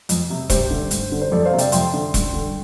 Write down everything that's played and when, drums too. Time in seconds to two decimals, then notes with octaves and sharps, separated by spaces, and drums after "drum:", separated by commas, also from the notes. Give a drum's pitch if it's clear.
0.09 F2, drum: hi-hat
0.30 C3
0.50 G2 G4 C5, drum: kick E1, hi-hat
0.70 D3
0.91 G2, drum: hi-hat
1.12 D3
1.22 C5
1.32 F2 A4 D5
1.45 C5 F5
1.53 C3
1.58 D5 G5, drum: hi-hat
1.72 F2 G5 C6, drum: hi-hat
1.93 D3
2.14 G2, drum: kick E1, hi-hat
2.33 D3